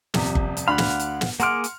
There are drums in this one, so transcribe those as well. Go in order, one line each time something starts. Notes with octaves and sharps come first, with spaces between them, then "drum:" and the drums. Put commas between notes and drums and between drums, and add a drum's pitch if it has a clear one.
D#1 F2 C3, drum: snare
drum: kick G1
drum: hi-hat
D2 D4 F5 F#5 B5
drum: snare
drum: hi-hat
drum: snare
A#3 G#4 F#5 C6 D6 F6, drum: hi-hat
drum: hi-hat